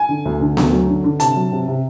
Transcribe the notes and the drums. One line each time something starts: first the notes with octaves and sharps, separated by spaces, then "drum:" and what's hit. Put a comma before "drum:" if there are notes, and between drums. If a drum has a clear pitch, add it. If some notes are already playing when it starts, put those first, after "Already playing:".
Already playing: G#5
D3
D2
D3
D2, drum: snare B3
F#3
D3
D3
C3 A5, drum: hi-hat
F#3
C3
C3